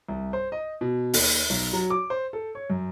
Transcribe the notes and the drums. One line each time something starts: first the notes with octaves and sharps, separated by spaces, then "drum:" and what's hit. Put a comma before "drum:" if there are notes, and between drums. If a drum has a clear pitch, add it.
C2
C5
D#5
B2
D#2, drum: open hi-hat
B1
F#3
D6
C5
A4
C#5
F#2